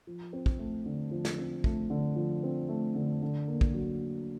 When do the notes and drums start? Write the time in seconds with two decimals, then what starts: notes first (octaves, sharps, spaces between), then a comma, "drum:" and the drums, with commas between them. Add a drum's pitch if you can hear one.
0.07 F3
0.33 C4
0.46 drum: kick
0.59 A3
0.86 D3
1.11 F3
1.25 drum: snare
1.38 C4
1.64 A3, drum: kick
1.90 D3
2.16 F3
2.44 C4
2.69 A3
2.95 D3
3.22 D3
3.48 A#3
3.61 drum: kick
3.74 F#3